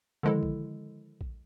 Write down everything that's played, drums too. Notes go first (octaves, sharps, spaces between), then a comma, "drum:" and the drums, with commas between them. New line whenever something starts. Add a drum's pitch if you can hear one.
D3 D#3 F3 G#3 E4 A4
drum: kick A#1
drum: kick A#1